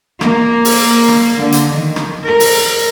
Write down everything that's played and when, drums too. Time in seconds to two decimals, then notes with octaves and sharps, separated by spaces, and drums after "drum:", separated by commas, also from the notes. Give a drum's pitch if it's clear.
0.21 A#3, drum: rim click
0.65 drum: open hi-hat
1.09 drum: rim click
1.40 D3
1.52 drum: hi-hat
1.72 D#3
1.96 drum: rim click
2.24 A#4
2.40 drum: open hi-hat